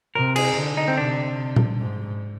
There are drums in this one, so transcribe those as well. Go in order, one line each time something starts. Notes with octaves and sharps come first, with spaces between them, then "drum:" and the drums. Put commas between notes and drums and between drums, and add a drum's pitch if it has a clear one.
C3 A#4
G#4, drum: cymbal
D3
D#4
C4
C3 D4
drum: tom A#2
G#2